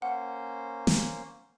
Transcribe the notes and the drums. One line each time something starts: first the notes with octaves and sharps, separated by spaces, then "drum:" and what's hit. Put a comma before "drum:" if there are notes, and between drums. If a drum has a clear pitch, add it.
A#3 C#4 C5 F#5
drum: snare